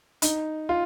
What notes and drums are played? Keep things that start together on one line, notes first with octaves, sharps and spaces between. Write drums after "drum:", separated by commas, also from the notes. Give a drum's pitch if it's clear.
D#4, drum: hi-hat
F4